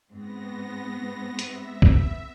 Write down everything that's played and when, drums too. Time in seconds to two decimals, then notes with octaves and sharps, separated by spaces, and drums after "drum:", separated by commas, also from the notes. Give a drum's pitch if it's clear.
0.12 G#2 B3 C4 A#6
1.39 E5, drum: hi-hat
1.82 drum: kick